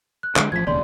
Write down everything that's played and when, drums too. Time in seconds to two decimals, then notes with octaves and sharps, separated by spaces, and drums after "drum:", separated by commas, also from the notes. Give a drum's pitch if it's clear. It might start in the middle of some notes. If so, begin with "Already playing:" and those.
0.23 F#6
0.36 D3 D#3 G#3, drum: clap
0.52 A1 F3 G#6 B6
0.67 E1 D#2 C#3 D5 C6